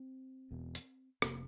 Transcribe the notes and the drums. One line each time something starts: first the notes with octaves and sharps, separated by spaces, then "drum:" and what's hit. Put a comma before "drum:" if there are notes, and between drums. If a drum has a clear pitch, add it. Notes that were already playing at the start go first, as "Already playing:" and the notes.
Already playing: C4
E1 E2 B2
drum: hi-hat
F1 C3 A#3, drum: rim click